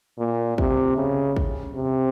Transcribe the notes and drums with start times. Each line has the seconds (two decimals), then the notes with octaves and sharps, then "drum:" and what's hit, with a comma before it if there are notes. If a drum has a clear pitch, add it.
0.19 A#2
0.58 C3, drum: kick
0.97 C#3
1.36 drum: kick
1.75 C3